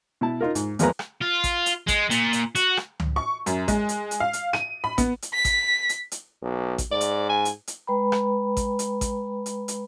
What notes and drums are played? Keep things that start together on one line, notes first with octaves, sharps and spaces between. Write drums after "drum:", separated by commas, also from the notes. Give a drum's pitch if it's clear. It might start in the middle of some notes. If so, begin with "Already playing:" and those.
B2 E4 A5
D#4 F4 A#4
G#2, drum: hi-hat
E2 F3 G#3 A#3 B4 A#5, drum: hi-hat
drum: rim click
F4
drum: kick A1, hi-hat
drum: hi-hat
G#3, drum: kick A1, hi-hat
A#2, drum: hi-hat
drum: hi-hat
F#4, drum: hi-hat
drum: rim click
drum: tom C#2
C#6
F#2, drum: hi-hat
G#3, drum: kick A1, hi-hat
drum: hi-hat
drum: hi-hat
F5
drum: hi-hat
D#7, drum: rim click
B5
B3, drum: kick A1, hi-hat
drum: hi-hat
B6
drum: kick A1, hi-hat
drum: hi-hat
drum: hi-hat
B1
drum: kick A1, hi-hat
G#2 D5
drum: hi-hat
G#5
drum: hi-hat
drum: hi-hat
G#3 B4 G5 A#5 B5
drum: rim click
drum: kick A1, hi-hat
drum: hi-hat
drum: kick A1, hi-hat
drum: hi-hat
drum: hi-hat